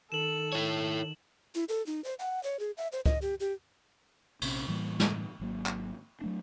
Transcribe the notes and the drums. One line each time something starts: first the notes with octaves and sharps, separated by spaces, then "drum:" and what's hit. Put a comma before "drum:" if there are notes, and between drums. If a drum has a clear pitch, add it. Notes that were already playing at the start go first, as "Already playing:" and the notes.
D#3 A4 E7 F#7
E4 C#5
E4
A4
D#4
C5
F#5
C#5
G#4
E5
C5
D#5, drum: kick C#2
G4
G4
A#1 C3 C#4, drum: cymbal
A2 E3 G3 A#3
drum: snare
G#1 F#3 A#3
drum: clap
F#3 A3 D4